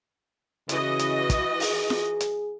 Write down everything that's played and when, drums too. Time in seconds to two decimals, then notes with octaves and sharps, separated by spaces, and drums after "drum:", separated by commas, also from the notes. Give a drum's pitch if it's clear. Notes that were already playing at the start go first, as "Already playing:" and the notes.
0.69 C#3 E3 F#4 D#5, drum: hi-hat
0.99 drum: hi-hat
1.30 drum: kick, hi-hat
1.60 G#4, drum: open hi-hat
1.90 drum: snare F4
2.20 drum: hi-hat